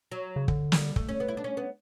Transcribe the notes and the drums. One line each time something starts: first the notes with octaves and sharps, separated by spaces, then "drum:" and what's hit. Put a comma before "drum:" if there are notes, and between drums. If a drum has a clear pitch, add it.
F#3
C#3
D3, drum: kick
G3, drum: snare
A3, drum: kick
C#4
B3
E4
D4
C#4
B3